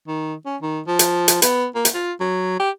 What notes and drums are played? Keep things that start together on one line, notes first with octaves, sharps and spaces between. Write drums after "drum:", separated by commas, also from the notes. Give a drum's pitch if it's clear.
D#3
C#4
D#3
F3
drum: hi-hat
drum: hi-hat
B3, drum: hi-hat
A#3
drum: hi-hat
F4
F#3
G4